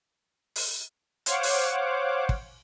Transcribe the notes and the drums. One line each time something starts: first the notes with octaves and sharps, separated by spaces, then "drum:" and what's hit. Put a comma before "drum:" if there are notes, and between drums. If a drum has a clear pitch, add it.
drum: open hi-hat
C5 C#5 F5 F#5 D6, drum: hi-hat
drum: open hi-hat
drum: kick